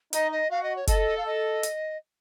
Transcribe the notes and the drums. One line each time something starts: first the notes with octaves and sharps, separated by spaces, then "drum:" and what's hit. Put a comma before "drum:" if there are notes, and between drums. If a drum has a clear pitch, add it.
D#4 D#5, drum: hi-hat
D#5
F#4 F5
D#5
C#5
A4 D#5, drum: kick F#1, hi-hat
F5
D#5
drum: hi-hat